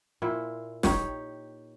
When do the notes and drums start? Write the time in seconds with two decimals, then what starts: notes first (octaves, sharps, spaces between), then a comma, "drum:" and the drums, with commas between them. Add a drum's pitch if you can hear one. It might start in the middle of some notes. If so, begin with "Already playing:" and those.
0.22 A#2 E4 C5
0.83 D#4 G4 C#5, drum: snare